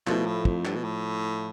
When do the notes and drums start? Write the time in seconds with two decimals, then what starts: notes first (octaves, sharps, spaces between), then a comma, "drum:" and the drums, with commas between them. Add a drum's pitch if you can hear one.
0.07 B2 F3 A3 E4, drum: clap
0.26 A2
0.45 F2, drum: kick
0.65 G2, drum: clap
0.76 B2
0.84 A2